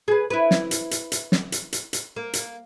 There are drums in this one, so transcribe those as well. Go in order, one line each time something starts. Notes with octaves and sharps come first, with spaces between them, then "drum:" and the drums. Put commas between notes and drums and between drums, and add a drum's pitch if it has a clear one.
G#4 B4
E4 B4
drum: snare
drum: hi-hat
drum: hi-hat
drum: hi-hat
drum: snare
drum: hi-hat
drum: hi-hat
drum: hi-hat
A#3
drum: hi-hat